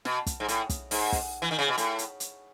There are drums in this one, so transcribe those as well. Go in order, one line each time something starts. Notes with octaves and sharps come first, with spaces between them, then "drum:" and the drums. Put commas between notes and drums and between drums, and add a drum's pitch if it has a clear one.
B2, drum: snare
drum: kick, hi-hat
G#2
A2, drum: hi-hat
drum: kick, hi-hat
G#2, drum: open hi-hat
drum: kick, open hi-hat
E3
D#3
C#3
B2
A2, drum: hi-hat
drum: hi-hat
drum: hi-hat